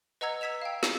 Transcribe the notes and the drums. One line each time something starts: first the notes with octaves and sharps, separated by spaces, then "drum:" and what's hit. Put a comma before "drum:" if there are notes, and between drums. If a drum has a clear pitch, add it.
B4 D#5 F#5 A#5 E6 G#6
E6 G#6 B6 E7 F7
F5 G5
drum: snare